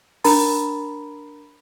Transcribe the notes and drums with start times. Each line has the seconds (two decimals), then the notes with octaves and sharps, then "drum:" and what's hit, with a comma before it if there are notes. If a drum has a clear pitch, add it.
0.24 D4 A#4 A#5 B5 A6, drum: open hi-hat